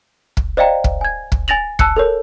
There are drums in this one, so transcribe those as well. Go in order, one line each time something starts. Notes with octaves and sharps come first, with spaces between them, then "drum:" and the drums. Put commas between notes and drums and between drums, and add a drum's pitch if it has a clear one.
drum: kick
C5 D5 D#5 F5 G5 A#5
drum: kick
G#5 G#6
drum: kick
G#5 A6 A#6 F7 F#7
A5 E6 F#6 C#7, drum: kick
A4 A#4 C#5